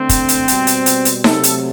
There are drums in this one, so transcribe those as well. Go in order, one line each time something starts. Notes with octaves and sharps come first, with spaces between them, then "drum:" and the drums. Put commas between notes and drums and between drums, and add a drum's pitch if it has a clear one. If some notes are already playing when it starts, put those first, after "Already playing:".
Already playing: D3 A3 C4
drum: kick, hi-hat
drum: hi-hat
B2 G3, drum: hi-hat
drum: hi-hat
drum: hi-hat
drum: hi-hat
C3 F#3 A3 A4, drum: snare D#4
drum: hi-hat